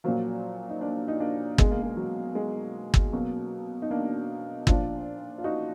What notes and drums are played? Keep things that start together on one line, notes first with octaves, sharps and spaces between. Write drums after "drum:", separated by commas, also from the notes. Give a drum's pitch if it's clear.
A#2 F3 F#3 A#3
D#4
A#3 D4
D#4
A#3 D4
B2 G#3, drum: kick G1
A#3
G#3
F#3
G#3
drum: kick G1
B2 F#3 A#3
D#4
A#3 D4
A#2 F3 D4 F4, drum: kick G1
F4
D#4 F#4